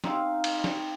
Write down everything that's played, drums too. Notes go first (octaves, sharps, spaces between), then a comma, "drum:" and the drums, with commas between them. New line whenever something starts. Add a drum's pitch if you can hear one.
C4 D#4 F5, drum: snare
drum: cymbal
drum: snare